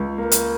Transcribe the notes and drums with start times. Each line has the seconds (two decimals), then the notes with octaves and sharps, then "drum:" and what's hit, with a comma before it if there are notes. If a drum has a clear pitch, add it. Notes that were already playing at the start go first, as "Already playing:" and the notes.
Already playing: C#2
0.18 A#3
0.32 drum: hi-hat